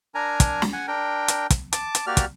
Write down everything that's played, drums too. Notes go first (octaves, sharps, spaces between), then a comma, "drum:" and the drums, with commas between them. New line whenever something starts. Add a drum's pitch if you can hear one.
D4 A#4 G#5 A#5
drum: kick, hi-hat
drum: snare
F#5 G#5
D4 A#4 G5
drum: hi-hat
drum: kick, hi-hat
A5 D6, drum: hi-hat
drum: hi-hat
A#3 F#4 G4 D5 F6
drum: kick, hi-hat